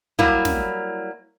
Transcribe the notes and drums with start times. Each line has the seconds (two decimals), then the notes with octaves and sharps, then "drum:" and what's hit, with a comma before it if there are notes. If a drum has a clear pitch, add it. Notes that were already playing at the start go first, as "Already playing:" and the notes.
0.19 F#3 G3 A#3 E4, drum: kick
0.45 drum: snare